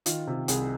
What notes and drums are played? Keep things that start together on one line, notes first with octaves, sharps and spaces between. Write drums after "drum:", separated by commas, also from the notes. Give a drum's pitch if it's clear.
D#3 F4, drum: hi-hat
C3
C2 G#4, drum: hi-hat